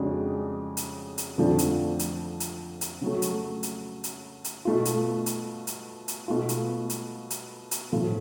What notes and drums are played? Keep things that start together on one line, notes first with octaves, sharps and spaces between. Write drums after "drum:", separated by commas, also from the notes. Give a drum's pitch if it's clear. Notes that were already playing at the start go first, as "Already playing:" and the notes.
Already playing: F2 C#3 G#3 D4 F#4
drum: hi-hat
drum: hi-hat
F2 D3 F3 A3 D4
drum: hi-hat
drum: hi-hat
drum: hi-hat
drum: hi-hat
C#3 F#3 A3
drum: hi-hat
drum: hi-hat
drum: hi-hat
drum: hi-hat
B2 A3 F4
drum: hi-hat
drum: hi-hat
drum: hi-hat
drum: hi-hat
B2 A3 F4
drum: hi-hat
drum: hi-hat
drum: hi-hat
drum: hi-hat
A2 F3 A3 F4